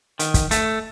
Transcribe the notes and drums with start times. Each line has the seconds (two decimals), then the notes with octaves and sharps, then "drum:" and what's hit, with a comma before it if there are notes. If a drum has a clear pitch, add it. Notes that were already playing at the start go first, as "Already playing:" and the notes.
0.19 D#3, drum: hi-hat
0.34 drum: kick, hi-hat
0.51 A3, drum: hi-hat